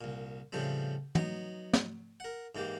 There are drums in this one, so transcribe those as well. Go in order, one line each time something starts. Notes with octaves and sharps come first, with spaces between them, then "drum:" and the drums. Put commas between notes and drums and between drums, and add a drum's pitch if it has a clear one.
C2 A#2
A2 C#3 F3 G3 B3 C4
F#3 B3 D#4, drum: tom
drum: snare
A#4 F#5
G#2 E3 A#3 G4